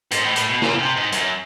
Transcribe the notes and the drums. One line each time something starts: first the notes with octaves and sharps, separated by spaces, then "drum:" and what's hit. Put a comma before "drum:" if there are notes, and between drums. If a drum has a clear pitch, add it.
G#2, drum: hi-hat
A2
A2, drum: hi-hat
B2
C#3, drum: snare
C3
G#2
F#2, drum: hi-hat